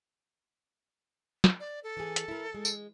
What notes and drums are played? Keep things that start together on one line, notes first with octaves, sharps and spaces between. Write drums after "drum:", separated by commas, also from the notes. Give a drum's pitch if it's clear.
drum: snare
D5
A4
E3 G#4
drum: hi-hat
E4 A#4
G#3
drum: tambourine